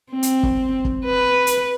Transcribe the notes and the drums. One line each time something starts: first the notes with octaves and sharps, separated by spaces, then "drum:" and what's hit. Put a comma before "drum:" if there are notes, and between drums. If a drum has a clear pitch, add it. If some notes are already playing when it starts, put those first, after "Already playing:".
C4
drum: hi-hat
drum: kick
drum: kick
B4
drum: hi-hat